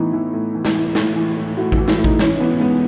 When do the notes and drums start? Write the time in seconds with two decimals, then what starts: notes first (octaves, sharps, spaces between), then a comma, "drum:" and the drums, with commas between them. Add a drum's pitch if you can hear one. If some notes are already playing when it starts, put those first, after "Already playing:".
Already playing: A2 E3 B3 D#4
0.13 E3 E4
0.33 A2
0.55 E3
0.65 drum: snare
0.75 E3
0.95 A2, drum: snare
1.16 E3
1.37 A2
1.57 A2 F#4
1.72 E4, drum: kick A1
1.77 E3
1.88 E4, drum: snare
1.98 A2
2.04 D#4, drum: kick A1
2.19 E3 C#4, drum: snare
2.40 E3 B3
2.60 G#2 B3